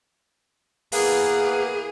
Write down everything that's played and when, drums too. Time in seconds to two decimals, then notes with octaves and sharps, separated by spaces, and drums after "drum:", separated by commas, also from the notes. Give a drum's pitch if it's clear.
0.92 E3 A#3 B3 G#4, drum: open hi-hat